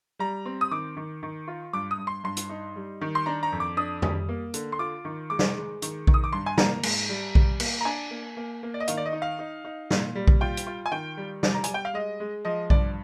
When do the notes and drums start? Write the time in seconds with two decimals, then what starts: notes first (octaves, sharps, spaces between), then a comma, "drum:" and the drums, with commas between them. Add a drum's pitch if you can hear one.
0.19 G3 A#5
0.46 C4
0.61 D#6
0.71 D#3 D6
0.97 D#3
1.23 D#3
1.47 F4
1.73 G2 D6
1.91 D#6
1.98 G2
2.07 C6
2.24 G2 C6
2.37 drum: hi-hat
2.49 D#4
2.76 G3
3.01 D#3
3.15 C6
3.26 D4 A#5
3.43 A#5
3.52 F2
3.60 D6
3.77 D4 D#6
4.02 G3, drum: tom F2
4.29 A#3
4.54 D3, drum: hi-hat
4.72 C6
4.79 F4 D6
5.05 D#3
5.30 G#3 D6
5.39 drum: snare
5.57 G#3
5.82 D#3, drum: hi-hat
6.07 D#3, drum: kick A#1
6.14 D#6
6.24 D6
6.33 G2 C6
6.46 G#5
6.58 A#3 A#5, drum: snare
6.83 G#2, drum: cymbal
7.09 G3
7.35 G3, drum: kick A#1
7.60 A#3, drum: cymbal
7.81 A#5
7.85 D4 G#5
8.11 A#3
8.37 A#3
8.63 A#3
8.74 D5
8.80 D#5
8.88 D#3 F5, drum: hi-hat
8.97 D5
9.06 D#5
9.13 D#4
9.22 F5
9.39 D#4
9.65 D#4
9.91 A#2, drum: snare
10.15 G3
10.27 drum: kick A#1
10.41 F4 G5
10.57 drum: hi-hat
10.67 F4
10.86 G#5
10.91 D#3 G5
11.17 G3
11.43 G3 D5, drum: snare
11.54 A#5
11.64 G3 G#5, drum: hi-hat
11.74 G5
11.85 F5
11.94 G#3 D#5
12.20 G#3
12.45 F3 D#5
12.70 G2 D5, drum: kick A#1